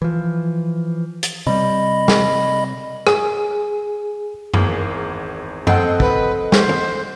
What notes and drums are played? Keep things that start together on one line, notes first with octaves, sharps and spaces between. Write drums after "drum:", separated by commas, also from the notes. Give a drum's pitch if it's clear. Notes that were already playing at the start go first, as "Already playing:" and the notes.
E3 F3
drum: hi-hat
C3 G3 D#5 B5
drum: snare
G#4, drum: rim click
G#1 E2 A#3 G#4, drum: tom F#2
F2 C4 A4 D#5 F#5, drum: tom F#2
B4, drum: kick
C5, drum: snare
drum: tom